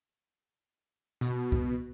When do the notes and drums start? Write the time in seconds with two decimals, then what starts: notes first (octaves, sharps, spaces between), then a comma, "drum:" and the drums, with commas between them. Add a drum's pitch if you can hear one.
1.21 B2, drum: hi-hat
1.52 drum: kick C2